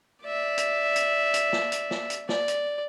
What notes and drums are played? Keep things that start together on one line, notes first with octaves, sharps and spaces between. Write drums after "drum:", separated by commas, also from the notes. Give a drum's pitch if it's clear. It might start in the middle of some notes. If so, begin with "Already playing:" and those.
D5 E5
drum: hi-hat
drum: hi-hat
drum: hi-hat
drum: snare
drum: hi-hat
drum: snare
drum: hi-hat
D5, drum: snare
drum: hi-hat